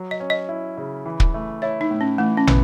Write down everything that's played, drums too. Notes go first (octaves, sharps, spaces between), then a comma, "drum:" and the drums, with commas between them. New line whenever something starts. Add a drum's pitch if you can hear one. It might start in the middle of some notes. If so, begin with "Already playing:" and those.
Already playing: F#3
D#5
C#4
D#5
E4
C#3
E3
drum: kick
A3
E4 C#5
D#4
A2
C#4
E3 A3
C#4
B3, drum: tom